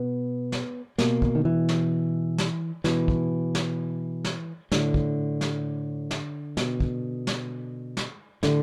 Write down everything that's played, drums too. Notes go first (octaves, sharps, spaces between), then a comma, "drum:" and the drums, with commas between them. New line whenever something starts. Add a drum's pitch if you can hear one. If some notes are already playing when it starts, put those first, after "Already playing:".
Already playing: B2 B3
drum: snare
B2 A#3, drum: snare
drum: kick
D#3
E3
drum: snare
drum: snare
B2 E3, drum: snare
drum: kick
drum: snare
drum: snare
A2 D3, drum: snare
drum: kick
drum: snare
drum: snare
B2, drum: snare
drum: kick
drum: snare
drum: snare
A2 D3, drum: snare